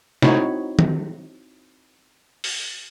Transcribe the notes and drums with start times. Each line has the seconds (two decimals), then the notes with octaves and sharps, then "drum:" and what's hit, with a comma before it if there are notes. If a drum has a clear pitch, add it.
0.22 C4 D#4 E4 F#4 C#5 B5, drum: snare
0.79 drum: tom D#3
2.44 drum: open hi-hat